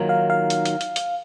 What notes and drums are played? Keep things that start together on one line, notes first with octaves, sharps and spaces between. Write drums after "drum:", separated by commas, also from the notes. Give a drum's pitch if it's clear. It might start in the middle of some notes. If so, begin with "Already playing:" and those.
Already playing: D#3 F#3 A#3 F4
F5
F5
drum: hi-hat
drum: hi-hat
drum: hi-hat
drum: hi-hat